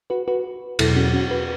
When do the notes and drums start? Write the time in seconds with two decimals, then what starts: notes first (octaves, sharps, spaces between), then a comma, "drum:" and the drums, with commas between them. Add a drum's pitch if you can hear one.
0.10 F#4 B4
0.28 F#4 B4
0.79 E2 B2 F#3 E4 A4, drum: cymbal
0.96 C#4 F#4
1.14 C#4 F#4
1.31 F#4 B4